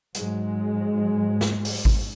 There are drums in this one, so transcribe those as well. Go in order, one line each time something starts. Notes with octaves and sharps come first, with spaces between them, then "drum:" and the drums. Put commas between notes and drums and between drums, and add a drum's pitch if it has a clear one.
G#2 F#3 G#3, drum: hi-hat
drum: snare
drum: open hi-hat
drum: kick G#1